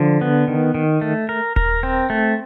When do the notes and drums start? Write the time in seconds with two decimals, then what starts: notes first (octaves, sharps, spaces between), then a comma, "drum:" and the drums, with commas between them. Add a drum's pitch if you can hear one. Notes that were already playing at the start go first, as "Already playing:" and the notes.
Already playing: D3 F3
0.21 B3
0.48 D#3
0.74 D#3
1.01 A3
1.29 A#4
1.56 A#4, drum: kick D#1
1.83 C4
2.10 A3